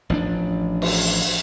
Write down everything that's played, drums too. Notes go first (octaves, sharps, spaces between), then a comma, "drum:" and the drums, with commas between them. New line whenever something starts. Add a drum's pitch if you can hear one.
A1 F3 B3 D4
drum: cymbal